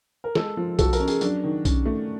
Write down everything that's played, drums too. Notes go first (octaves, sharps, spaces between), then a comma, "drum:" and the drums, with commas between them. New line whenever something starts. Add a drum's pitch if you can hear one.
A#4
G#3 A4, drum: snare
F3
F#4 A4, drum: kick B1, tambourine
A#4, drum: tambourine
C#4
G#4, drum: tambourine
F#3 D4, drum: tambourine
D#3
C#4, drum: kick B1, tambourine
A3